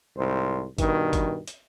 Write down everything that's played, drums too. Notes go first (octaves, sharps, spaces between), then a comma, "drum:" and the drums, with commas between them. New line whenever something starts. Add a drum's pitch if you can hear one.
C2 G#2 C5
G2 B2 D#3, drum: kick, hi-hat
drum: kick, hi-hat
drum: hi-hat